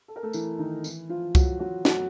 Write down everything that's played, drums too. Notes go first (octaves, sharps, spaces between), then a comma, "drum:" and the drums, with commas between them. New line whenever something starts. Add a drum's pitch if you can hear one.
A4
A#4
A3 A4
E3 E4, drum: tambourine
D#3 D#4
E3 E4, drum: tambourine
F3 F4
F#3 F#4, drum: kick C2, tambourine
F#3 F#4
F#3 F#4, drum: snare